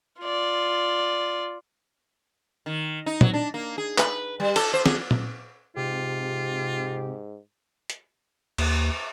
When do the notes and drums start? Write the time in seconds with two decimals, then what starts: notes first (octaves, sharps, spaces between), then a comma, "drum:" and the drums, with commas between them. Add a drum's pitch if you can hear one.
0.21 F4 D5
2.66 D#3
3.06 D#4
3.21 F#3, drum: tom
3.33 D4
3.54 A#3
3.78 G#4
3.98 B4, drum: clap
4.40 G3
4.56 A4, drum: cymbal
4.74 C5
4.86 G#4, drum: snare
5.11 drum: tom A#2
5.77 G#2 C3 F4 G4
7.90 drum: hi-hat
8.58 D#2, drum: cymbal